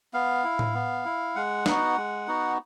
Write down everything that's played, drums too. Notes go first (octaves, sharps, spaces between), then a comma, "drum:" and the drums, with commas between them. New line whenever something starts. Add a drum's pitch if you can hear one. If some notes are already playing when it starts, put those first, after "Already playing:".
B3 F5
E4
drum: tom A2
B3
E4
G#3 F#5
B3 D#4 F#4, drum: snare
G#3
B3 D#4 F#4